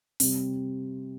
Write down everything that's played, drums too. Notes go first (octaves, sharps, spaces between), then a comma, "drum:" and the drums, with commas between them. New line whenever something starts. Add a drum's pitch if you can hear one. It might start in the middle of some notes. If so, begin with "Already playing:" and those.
C3 G3 C4, drum: open hi-hat